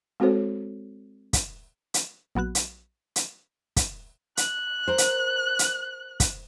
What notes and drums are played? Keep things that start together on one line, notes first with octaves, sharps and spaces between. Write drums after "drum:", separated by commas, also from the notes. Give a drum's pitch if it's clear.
G#3 C4 F#4 A4 C5 C#5
drum: kick, hi-hat
drum: hi-hat
A#1 F#3 B3 F#4 F#6
drum: hi-hat
drum: hi-hat
drum: kick, hi-hat
F#6, drum: hi-hat
A#4 C5
drum: hi-hat
drum: hi-hat
drum: kick, hi-hat